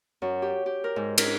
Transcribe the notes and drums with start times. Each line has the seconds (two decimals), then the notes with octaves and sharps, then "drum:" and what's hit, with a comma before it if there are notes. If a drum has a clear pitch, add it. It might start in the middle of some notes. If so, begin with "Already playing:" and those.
0.22 F#2
0.42 G4
0.66 G4
0.84 A#4
0.96 G#2
1.18 A#4, drum: cymbal